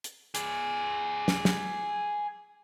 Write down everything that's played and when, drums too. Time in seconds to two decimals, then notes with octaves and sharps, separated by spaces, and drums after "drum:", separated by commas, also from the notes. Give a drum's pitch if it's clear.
0.04 drum: hi-hat
0.35 G#4 D5, drum: hi-hat
1.28 drum: snare
1.45 drum: snare